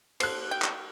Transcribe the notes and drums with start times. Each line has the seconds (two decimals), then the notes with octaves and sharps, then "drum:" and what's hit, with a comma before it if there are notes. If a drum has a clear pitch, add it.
0.20 A4 C5 F#6, drum: cymbal
0.51 G5
0.62 drum: clap